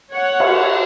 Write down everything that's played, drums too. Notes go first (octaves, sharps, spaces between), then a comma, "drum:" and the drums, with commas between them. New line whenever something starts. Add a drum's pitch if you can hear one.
C#5 F#5
drum: cymbal